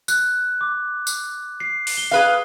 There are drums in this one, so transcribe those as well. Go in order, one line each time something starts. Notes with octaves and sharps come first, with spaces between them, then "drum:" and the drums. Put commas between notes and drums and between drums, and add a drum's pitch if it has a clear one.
F#6, drum: tambourine
D6
drum: tambourine
C7
drum: open hi-hat
G7
G#4 B4 F5